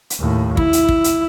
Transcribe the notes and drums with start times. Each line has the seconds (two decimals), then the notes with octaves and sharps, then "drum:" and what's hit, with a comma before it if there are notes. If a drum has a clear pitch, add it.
0.10 drum: hi-hat
0.20 D#2 A2
0.57 E4, drum: kick
0.73 drum: hi-hat
0.89 drum: kick
1.04 drum: hi-hat